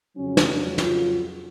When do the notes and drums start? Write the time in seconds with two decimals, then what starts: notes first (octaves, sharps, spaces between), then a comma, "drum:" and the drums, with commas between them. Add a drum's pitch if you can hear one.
0.16 F2 C#3 F#3 C#4
0.37 drum: snare
0.48 D4
0.78 F4, drum: snare